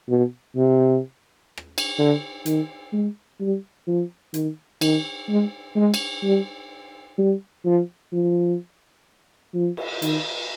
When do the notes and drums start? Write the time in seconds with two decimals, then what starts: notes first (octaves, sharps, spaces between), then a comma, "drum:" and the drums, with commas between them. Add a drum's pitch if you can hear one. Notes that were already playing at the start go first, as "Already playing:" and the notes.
0.09 B2
0.56 C3
1.57 drum: rim click
1.78 drum: cymbal
1.98 D3
2.46 D#3, drum: hi-hat
2.93 G#3
3.40 G3
3.87 F3
4.34 D#3, drum: hi-hat
4.81 D#3, drum: cymbal
5.29 G#3
5.76 G#3
5.94 drum: cymbal
6.23 G3
7.18 G3
7.65 F3
8.13 F3
9.54 F3
9.77 drum: cymbal
10.02 D#3, drum: hi-hat